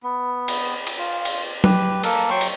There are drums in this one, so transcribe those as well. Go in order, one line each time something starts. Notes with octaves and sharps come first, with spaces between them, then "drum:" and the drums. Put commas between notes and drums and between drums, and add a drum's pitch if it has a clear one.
B3
drum: cymbal
drum: cymbal
F4
drum: cymbal
G4 B4, drum: tom F#3
A#3 A4 A#4, drum: cymbal
F#3 G5 C6 C#6
drum: cymbal